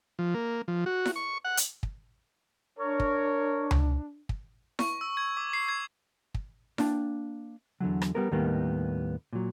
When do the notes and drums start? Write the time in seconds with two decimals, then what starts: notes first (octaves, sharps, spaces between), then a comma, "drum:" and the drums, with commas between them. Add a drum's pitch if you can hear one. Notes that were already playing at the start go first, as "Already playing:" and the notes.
0.19 F3
0.34 A#3
0.68 F3
0.86 F#4
1.06 drum: snare E4
1.16 C#6
1.45 F#5
1.57 drum: hi-hat
1.83 drum: kick
2.78 D4 A#4 C#5
3.00 drum: kick
3.71 drum: tom C#2
4.29 drum: kick
4.79 C#6, drum: snare E4
5.01 E6
5.17 G#6
5.37 D6
5.53 C7
5.68 G#6
6.34 drum: kick
6.78 A#3 D4 G5 A5, drum: snare E4
7.80 E2 D3 E3 F#3
8.02 drum: rim click
8.15 G3 B3 A#4
8.31 D#2 A2 D#3 G3 A#3 B3
9.33 A#2 F#3